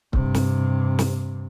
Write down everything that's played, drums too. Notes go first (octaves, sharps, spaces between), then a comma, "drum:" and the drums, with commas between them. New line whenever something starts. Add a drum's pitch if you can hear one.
G2 C3, drum: kick C#1
drum: snare
drum: snare